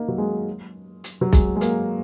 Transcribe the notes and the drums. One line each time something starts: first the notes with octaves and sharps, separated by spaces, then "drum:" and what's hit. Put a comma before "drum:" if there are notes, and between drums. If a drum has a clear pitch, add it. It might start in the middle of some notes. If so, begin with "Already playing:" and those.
Already playing: A#3 D#4
F#3
G#3
drum: hi-hat
F#3
G#3, drum: kick B1, hi-hat
G#3
A#3, drum: hi-hat